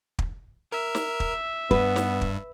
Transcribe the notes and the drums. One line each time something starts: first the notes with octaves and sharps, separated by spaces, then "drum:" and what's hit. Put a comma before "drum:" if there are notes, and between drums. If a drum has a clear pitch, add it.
drum: kick
A#4 E5
drum: snare
drum: kick
G2 B3 B4, drum: kick
drum: snare
drum: kick